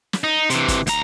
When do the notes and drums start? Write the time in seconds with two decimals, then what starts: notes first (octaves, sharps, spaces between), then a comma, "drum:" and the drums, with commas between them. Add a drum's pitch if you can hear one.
0.13 drum: snare
0.24 D#4
0.50 C3 E3, drum: hi-hat
0.68 drum: kick, hi-hat
0.87 D2 A#5, drum: hi-hat